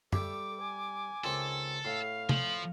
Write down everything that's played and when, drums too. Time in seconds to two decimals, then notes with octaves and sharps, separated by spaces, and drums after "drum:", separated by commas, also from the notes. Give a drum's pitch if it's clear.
0.13 G3 G4 A4 E5 D6, drum: tom F#2
0.62 G#5
1.24 C#2 D#3 C4 A4
1.85 A2 F5 C7
2.29 F3 F#7, drum: tom C3